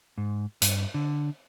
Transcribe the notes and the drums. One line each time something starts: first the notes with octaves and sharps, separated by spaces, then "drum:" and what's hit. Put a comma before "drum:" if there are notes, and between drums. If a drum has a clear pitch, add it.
G#2
G2, drum: hi-hat
D3